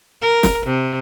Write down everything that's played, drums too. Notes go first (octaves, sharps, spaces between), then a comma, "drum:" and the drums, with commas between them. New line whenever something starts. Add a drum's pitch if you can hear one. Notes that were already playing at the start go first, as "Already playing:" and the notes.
A#4
drum: snare
C3